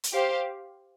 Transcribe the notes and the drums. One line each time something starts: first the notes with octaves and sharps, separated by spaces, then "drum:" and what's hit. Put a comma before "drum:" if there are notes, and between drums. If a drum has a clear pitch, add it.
drum: hi-hat
G4 C5 F5